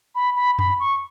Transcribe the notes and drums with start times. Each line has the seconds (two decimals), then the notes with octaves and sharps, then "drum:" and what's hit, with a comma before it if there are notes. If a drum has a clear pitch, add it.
0.15 B5
0.36 B5
0.59 B5, drum: tom F2
0.80 C#6